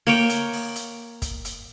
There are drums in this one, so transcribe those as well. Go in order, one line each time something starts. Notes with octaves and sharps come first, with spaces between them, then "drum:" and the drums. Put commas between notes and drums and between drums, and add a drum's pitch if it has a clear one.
A#3 C#5 G5, drum: open hi-hat
drum: hi-hat
drum: open hi-hat
drum: hi-hat
drum: kick, hi-hat
drum: hi-hat